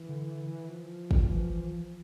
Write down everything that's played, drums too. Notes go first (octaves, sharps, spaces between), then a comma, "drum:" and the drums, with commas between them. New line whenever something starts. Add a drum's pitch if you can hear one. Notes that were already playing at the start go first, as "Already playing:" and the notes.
Already playing: E3
D3
F3
drum: kick
E3